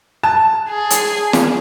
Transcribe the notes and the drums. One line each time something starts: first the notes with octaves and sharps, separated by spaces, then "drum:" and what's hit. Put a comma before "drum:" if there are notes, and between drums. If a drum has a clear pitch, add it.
A5
G#4
drum: hi-hat
drum: snare